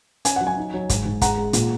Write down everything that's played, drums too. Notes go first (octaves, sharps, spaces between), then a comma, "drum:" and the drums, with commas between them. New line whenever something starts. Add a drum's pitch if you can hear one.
C#4 G#5, drum: hi-hat
F#3 F#5
G#5
D#4
F#3
G#2, drum: kick, hi-hat
G#2
G#3 F#5 A#5, drum: kick, hi-hat
G#3
A#2, drum: hi-hat